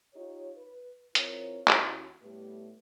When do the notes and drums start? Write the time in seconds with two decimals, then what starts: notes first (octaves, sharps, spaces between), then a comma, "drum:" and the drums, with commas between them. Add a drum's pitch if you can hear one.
0.14 D#4 F4 G4 C#5
0.57 B4
1.15 E3 C4 F4 A#4 C#5, drum: hi-hat
1.68 D#2 C#4 E4 F#4, drum: clap
2.22 A2 G3 A3 B3 G4 B4